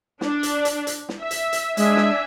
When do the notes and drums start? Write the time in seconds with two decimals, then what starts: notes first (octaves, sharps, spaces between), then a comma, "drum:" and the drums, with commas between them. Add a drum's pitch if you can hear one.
0.21 D4, drum: snare
0.43 drum: hi-hat
0.65 drum: hi-hat
0.87 drum: hi-hat
1.09 drum: snare
1.21 E5
1.31 drum: hi-hat
1.53 drum: hi-hat
1.77 G#3 D4 E5 G#5, drum: hi-hat
1.96 drum: snare